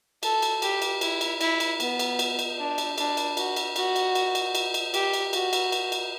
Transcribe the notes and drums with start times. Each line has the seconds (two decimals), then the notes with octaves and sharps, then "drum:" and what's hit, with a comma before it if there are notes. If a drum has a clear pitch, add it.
0.23 A4, drum: cymbal
0.42 drum: cymbal
0.62 G4, drum: cymbal
0.82 drum: cymbal
1.01 E4, drum: cymbal
1.21 drum: cymbal
1.41 E4, drum: cymbal
1.60 drum: cymbal
1.80 B3, drum: cymbal
1.99 drum: cymbal
2.19 drum: cymbal
2.39 drum: cymbal
2.59 D4
2.78 drum: cymbal
2.98 D4, drum: cymbal
3.17 drum: cymbal
3.37 F#4, drum: cymbal
3.56 drum: cymbal
3.76 F#4, drum: cymbal
3.96 drum: cymbal
4.15 drum: cymbal
4.35 drum: cymbal
4.55 drum: cymbal
4.74 drum: cymbal
4.94 G4, drum: cymbal
5.13 drum: cymbal
5.33 F#4, drum: cymbal
5.53 drum: cymbal
5.72 drum: cymbal
5.92 drum: cymbal